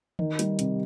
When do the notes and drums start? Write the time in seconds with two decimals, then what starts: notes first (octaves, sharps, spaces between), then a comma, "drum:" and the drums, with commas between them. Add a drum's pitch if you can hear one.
0.19 D#3, drum: tom
0.39 G3, drum: hi-hat
0.59 C3, drum: hi-hat